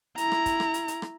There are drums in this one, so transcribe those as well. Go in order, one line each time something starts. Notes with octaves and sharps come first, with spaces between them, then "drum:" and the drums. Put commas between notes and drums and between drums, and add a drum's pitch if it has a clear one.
E4 A#5, drum: hi-hat
drum: rim click
drum: kick, hi-hat
drum: rim click
drum: hi-hat
drum: hi-hat
drum: rim click